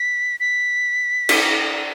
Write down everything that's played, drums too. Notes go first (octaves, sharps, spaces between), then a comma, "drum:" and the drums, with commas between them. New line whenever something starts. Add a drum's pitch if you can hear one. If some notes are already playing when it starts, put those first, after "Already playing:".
Already playing: B6
B6
drum: cymbal